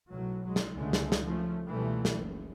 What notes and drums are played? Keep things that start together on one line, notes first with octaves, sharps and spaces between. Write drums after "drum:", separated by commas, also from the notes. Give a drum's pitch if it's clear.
B1 A2 F#3
F#3 G#3
drum: snare
C#2 D3 G#3 A3
drum: snare
drum: snare
F3 A3 C#4
C#2 B2 E3 F3 G3 A3
drum: snare
F#1 C#2